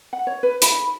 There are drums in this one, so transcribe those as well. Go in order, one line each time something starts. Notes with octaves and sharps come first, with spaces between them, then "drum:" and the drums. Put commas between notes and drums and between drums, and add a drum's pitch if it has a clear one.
F#5
C#5
B4
B5, drum: hi-hat